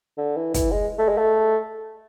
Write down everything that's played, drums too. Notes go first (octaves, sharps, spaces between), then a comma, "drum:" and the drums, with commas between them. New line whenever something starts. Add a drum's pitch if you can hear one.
D3
E3
E3, drum: kick, hi-hat
G#3
A3
G#3
A3